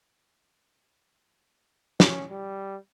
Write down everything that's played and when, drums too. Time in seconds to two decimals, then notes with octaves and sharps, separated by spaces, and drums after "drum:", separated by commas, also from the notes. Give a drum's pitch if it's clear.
2.00 C#4, drum: snare
2.30 G3